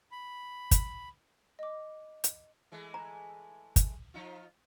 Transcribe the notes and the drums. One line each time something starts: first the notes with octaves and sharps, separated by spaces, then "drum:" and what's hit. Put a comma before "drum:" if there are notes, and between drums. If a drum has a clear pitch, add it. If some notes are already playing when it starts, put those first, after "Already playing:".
B5
drum: kick, hi-hat
D#5 D6
drum: hi-hat
E3 G#3 A3
A#5
drum: kick, hi-hat
F3 D#4 F4